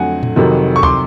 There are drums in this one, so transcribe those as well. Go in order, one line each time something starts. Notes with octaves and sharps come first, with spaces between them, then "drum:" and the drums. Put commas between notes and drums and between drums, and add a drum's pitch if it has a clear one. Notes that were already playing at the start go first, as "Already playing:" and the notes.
Already playing: F2 D3 F#3 A3 F#5 G#5
drum: tom A2
F2 C3 D#3 F#3
C#6
C6 D6, drum: kick